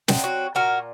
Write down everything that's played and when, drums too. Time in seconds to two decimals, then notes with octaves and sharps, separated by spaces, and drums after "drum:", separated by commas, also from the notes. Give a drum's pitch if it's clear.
0.08 F#3 C4 D#4, drum: snare
0.24 F#4
0.55 A#2 F#4 A#4